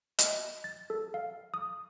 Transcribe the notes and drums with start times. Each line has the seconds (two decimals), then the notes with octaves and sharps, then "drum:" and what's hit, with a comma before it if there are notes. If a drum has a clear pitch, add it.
0.19 D#5, drum: hi-hat
0.64 A6
0.90 A4
1.14 F5
1.54 D#6